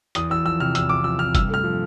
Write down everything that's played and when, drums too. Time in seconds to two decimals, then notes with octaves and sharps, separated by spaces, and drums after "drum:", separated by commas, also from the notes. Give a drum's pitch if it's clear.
0.15 E2 D#6, drum: hi-hat
0.30 E2 E6
0.45 F3 E6
0.60 C3 F6
0.75 E2 E6, drum: hi-hat
0.89 E2 D6
1.04 F3 E6
1.19 C3 F6
1.35 G2 E6, drum: kick, hi-hat
1.49 A3 F6
1.64 F3